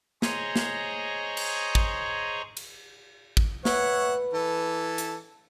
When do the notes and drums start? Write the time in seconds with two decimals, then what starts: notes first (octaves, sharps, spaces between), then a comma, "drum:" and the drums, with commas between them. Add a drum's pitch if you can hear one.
0.22 G#4 C5 C#5 D#5 A#5, drum: snare
0.56 drum: snare
1.37 drum: cymbal
1.75 drum: kick
2.57 drum: cymbal
3.37 drum: kick
3.65 B4 C#5 E5 F#5, drum: snare
4.33 E3 A4
4.98 drum: hi-hat